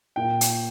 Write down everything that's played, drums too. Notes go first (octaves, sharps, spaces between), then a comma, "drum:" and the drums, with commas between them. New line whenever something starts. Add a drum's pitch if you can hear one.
A#2 G5
drum: hi-hat